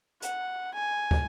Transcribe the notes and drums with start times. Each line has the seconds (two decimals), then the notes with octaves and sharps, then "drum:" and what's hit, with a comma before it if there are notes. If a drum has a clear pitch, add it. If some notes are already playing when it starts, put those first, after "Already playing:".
0.22 F#5, drum: hi-hat
0.74 G#5
1.11 drum: kick